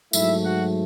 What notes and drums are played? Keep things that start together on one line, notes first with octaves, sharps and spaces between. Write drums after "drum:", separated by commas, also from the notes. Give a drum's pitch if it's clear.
G#2 F#3 A3 E4 E5, drum: tambourine
F#4 F#5